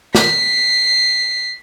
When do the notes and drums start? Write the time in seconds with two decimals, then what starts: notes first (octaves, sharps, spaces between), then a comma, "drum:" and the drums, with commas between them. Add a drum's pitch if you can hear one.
0.15 B6 C7, drum: snare